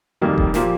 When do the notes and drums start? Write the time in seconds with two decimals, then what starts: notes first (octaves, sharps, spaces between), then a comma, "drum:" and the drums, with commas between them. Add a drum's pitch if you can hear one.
0.21 F1 F2 D#3 G3 A#3
0.38 drum: kick F1
0.54 A#2 F3 A#3 G4, drum: snare